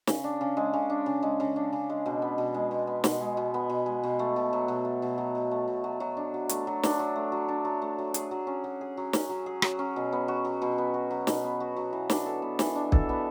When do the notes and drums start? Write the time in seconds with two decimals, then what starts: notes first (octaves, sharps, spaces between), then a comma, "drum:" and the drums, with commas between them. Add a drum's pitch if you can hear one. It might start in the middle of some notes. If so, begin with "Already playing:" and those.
0.07 C#3, drum: snare
0.24 D4
0.41 C#3
0.57 G#3
0.73 C#3
0.90 D4
1.06 C#3
1.23 G#3
1.40 C#3
1.56 D4
1.73 C#3
1.90 G#3
2.06 B2
2.22 B3
2.38 B2
2.54 G#3
2.71 B2
2.87 B3
3.04 B2, drum: snare
3.21 G#3
3.37 B2
3.54 B3
3.70 B2
3.86 G#3
4.04 B2
4.19 A3
4.36 B2
4.53 F#3
4.68 B2
4.85 A3
5.02 B2
5.18 F#3
5.35 B2
5.51 A3
5.68 B2
5.84 F#3
6.00 F#3
6.17 D4
6.34 F#3
6.49 A3, drum: hi-hat
6.67 F#3
6.83 D4, drum: snare
6.99 F#3
7.16 A3
7.32 F#3
7.48 D4
7.65 F#3
7.82 A3
7.98 F#3
8.14 G#4, drum: hi-hat
8.31 F#3
8.47 C#4
8.64 F#3
8.81 G#4
8.97 F#3
9.13 C#4, drum: snare
9.29 F#3
9.46 G#4
9.62 F#3, drum: rim click
9.79 C#4
9.96 B2
10.13 B3
10.28 F#4
10.45 F#3
10.62 B2
10.78 B3
10.94 F#4
11.11 F#3
11.27 B2, drum: snare
11.44 B3
11.60 F#4
11.76 F#3
11.93 E3
12.10 D4, drum: snare
12.26 A4
12.42 B3
12.59 E3, drum: snare
12.76 D4
12.92 A4, drum: kick
13.09 B3